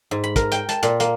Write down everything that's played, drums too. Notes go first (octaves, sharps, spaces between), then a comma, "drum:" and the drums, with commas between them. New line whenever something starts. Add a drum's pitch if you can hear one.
G#2
B5
A#4, drum: kick, hi-hat
G5, drum: hi-hat
A5, drum: hi-hat
A#2, drum: hi-hat
A#3, drum: hi-hat